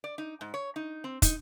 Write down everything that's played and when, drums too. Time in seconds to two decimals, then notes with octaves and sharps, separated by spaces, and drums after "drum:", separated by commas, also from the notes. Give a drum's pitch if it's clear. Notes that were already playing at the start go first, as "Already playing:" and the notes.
0.04 D5
0.18 D#4
0.41 G#2
0.54 C#5
0.76 D#4
1.04 C4
1.22 D#4, drum: kick, hi-hat